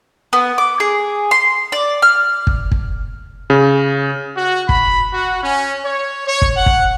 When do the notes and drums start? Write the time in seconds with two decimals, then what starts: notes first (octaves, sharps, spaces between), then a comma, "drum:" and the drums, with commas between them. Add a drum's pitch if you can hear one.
0.33 B3
0.58 D6
0.80 G#4
1.31 C6
1.72 D5
2.02 F6
2.47 drum: kick
2.72 drum: kick
3.50 C#3
4.37 F#4
4.69 B5, drum: kick
5.14 F#4
5.44 C#4
5.85 C#5
6.28 C#5
6.42 drum: kick
6.56 F#5
6.66 drum: kick